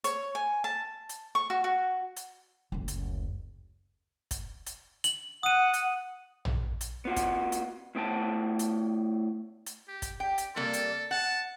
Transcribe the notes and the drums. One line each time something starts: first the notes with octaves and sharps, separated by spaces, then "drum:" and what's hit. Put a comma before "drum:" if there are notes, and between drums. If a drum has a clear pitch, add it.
C#5, drum: hi-hat
G#5
A5
drum: hi-hat
C#6
F#4
F#4
drum: hi-hat
F#1 D2
drum: hi-hat
drum: kick, hi-hat
drum: hi-hat
F#7, drum: hi-hat
F#5 D#6 D#7
drum: hi-hat
drum: tom
drum: hi-hat
B3 F4 F#4
drum: kick, hi-hat
drum: hi-hat
A2 B3 G5 A5
drum: hi-hat
drum: hi-hat
G4
drum: kick, hi-hat
G4 G5
drum: hi-hat
C3 G3 A#3 A4
drum: hi-hat
F#5 A5